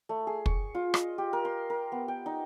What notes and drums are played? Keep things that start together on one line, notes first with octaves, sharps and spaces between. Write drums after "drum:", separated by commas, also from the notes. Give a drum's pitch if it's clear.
A3
G#4
C#6, drum: kick
F4
D#5, drum: rim click
G4
A#4
C6
A#4
B3
G5
D#4